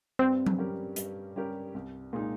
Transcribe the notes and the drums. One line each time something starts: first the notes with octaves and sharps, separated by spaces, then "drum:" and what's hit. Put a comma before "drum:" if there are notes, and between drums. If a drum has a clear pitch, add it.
G2 C4
drum: tom F#3
G3 C#4 G4 A#4
G2, drum: hi-hat
G3 C#4 G4 A#4
C2
A#2 G#3 D#4